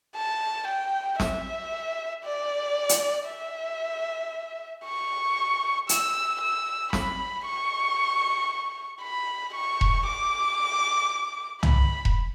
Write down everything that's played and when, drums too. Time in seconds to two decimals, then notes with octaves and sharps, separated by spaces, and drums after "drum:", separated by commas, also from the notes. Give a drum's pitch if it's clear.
0.16 A5
0.68 G5
1.20 E5, drum: snare
2.24 D5
2.89 drum: hi-hat
3.29 E5
4.85 C#6
5.89 E6, drum: hi-hat
6.41 E6
6.93 B5, drum: snare
7.45 C#6
9.02 B5
9.55 C#6
9.81 drum: kick E1
10.06 D6
11.63 B5, drum: tom
12.05 drum: kick E1